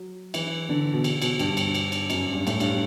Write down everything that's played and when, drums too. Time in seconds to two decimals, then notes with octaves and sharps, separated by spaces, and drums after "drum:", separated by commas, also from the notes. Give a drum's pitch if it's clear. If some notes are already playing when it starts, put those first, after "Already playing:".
Already playing: F#3
0.34 E3, drum: cymbal
0.69 D3
0.93 B2
1.04 drum: cymbal
1.22 B2, drum: cymbal
1.39 G2, drum: cymbal
1.57 drum: cymbal
1.74 drum: cymbal
1.92 drum: cymbal
2.10 F#2, drum: cymbal
2.33 G2
2.47 A2, drum: cymbal
2.60 G2, drum: cymbal